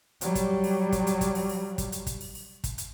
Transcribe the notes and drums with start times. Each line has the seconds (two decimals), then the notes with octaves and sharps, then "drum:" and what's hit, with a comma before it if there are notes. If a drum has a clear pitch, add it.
0.21 F#3 G3, drum: hi-hat
0.35 drum: kick, hi-hat
0.64 drum: open hi-hat
0.92 drum: kick, hi-hat
1.07 drum: hi-hat
1.21 drum: kick, hi-hat
1.35 drum: open hi-hat
1.49 drum: open hi-hat
1.78 drum: kick, hi-hat
1.92 drum: hi-hat
2.07 drum: kick, hi-hat
2.21 drum: open hi-hat
2.35 drum: open hi-hat
2.64 drum: kick, hi-hat
2.78 drum: hi-hat